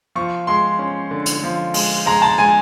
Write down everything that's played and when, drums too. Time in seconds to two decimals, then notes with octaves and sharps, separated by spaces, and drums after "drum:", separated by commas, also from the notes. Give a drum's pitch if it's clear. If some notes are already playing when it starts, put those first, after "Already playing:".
0.15 F3 C#6
0.47 G#3 C6
0.79 C#4
1.11 D3
1.26 drum: hi-hat
1.43 F3
1.74 G#3, drum: open hi-hat
2.06 G#3 A#5
2.22 A5
2.38 G#3 G#5